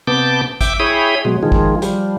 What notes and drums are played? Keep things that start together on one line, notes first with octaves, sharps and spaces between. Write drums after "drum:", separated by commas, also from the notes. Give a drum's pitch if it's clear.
C3 B3 A5 D6 G6
E5 G5 D6, drum: kick A1, hi-hat
E4 G#4 C#5 G5 B5 D#6
B2 F#3 G#3
D#3 F3 G#3
drum: kick A1
F3 G3, drum: hi-hat